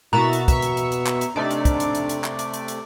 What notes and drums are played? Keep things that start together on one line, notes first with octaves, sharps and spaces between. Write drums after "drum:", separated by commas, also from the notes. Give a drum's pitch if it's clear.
B2 A#3 E4 F#4 E5 A#5 A6
drum: hi-hat
B3 E5 C#6, drum: kick, hi-hat
drum: hi-hat
drum: hi-hat
drum: hi-hat
drum: clap
drum: hi-hat
C3 A3 D4 D#4 D5
drum: hi-hat
drum: kick, hi-hat
drum: hi-hat
drum: hi-hat
drum: hi-hat
drum: clap
drum: hi-hat
drum: hi-hat
drum: hi-hat